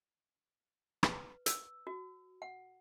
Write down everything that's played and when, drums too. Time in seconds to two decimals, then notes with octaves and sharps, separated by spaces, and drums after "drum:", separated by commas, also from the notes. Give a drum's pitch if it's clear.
1.03 B4, drum: rim click
1.46 E6, drum: hi-hat
1.87 F#4
2.42 F#5